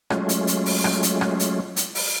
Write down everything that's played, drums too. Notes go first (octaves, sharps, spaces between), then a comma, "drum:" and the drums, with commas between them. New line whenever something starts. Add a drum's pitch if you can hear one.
F#3 G#3 A3 C#4 F4, drum: rim click
drum: hi-hat
drum: hi-hat
drum: open hi-hat
drum: rim click
drum: hi-hat
drum: rim click
drum: hi-hat
drum: hi-hat
drum: open hi-hat